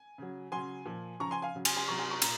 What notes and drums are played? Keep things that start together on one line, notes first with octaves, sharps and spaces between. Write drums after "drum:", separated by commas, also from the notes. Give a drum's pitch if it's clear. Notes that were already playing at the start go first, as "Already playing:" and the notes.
Already playing: G#5
C#3 F#3
C#3 F#3 G#5 C6
A#2 F3
C#3 F3 A#5 C#6
G#5 C6
F5 G#5
C#3 F#3
G#5 C6, drum: cymbal
G#5 C6
C3 F#3 A#5 C#6
G#5 C6
A#5 C#6
A#2 A#5, drum: cymbal